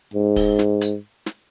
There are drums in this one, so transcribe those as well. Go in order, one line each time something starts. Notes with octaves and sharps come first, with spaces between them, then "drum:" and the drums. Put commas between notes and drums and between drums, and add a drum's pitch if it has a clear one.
G#2
drum: kick, open hi-hat
drum: snare
drum: hi-hat
drum: snare